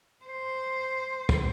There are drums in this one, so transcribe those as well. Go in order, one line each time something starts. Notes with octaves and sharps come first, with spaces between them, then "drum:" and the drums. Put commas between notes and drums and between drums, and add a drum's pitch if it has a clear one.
C5
drum: kick